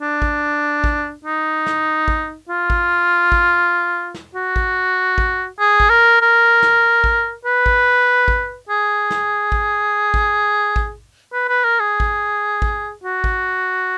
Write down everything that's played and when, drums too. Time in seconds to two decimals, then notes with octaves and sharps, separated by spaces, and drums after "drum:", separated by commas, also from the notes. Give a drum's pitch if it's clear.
0.01 D4
0.22 drum: kick A1
0.84 drum: kick A1
1.25 D#4
1.66 drum: snare
2.08 drum: kick A1
2.49 F4
2.70 drum: kick A1
3.32 drum: kick A1
4.14 drum: snare
4.35 F#4
4.56 drum: kick A1
5.18 drum: kick A1
5.59 G#4
5.80 drum: kick A1
5.90 A#4
6.22 A#4
6.62 drum: snare
7.04 drum: kick A1
7.45 B4
7.66 drum: kick A1
8.28 drum: kick A1
8.69 G#4
9.11 drum: snare
9.52 drum: kick A1
10.14 drum: kick A1
10.76 drum: kick A1
11.33 B4
11.48 B4
11.64 A#4
11.80 G#4
12.00 drum: kick A1
12.62 drum: kick A1
13.04 F#4
13.24 drum: kick A1